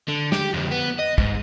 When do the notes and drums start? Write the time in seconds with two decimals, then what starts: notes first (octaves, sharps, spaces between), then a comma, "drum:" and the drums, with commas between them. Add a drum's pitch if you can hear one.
0.09 D3
0.32 G4, drum: snare
0.54 F2 D3
0.71 B3
0.99 D#5
1.18 G#2, drum: kick